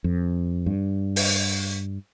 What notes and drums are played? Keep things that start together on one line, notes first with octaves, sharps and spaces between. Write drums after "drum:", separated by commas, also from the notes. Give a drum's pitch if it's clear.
F2
G2
drum: open hi-hat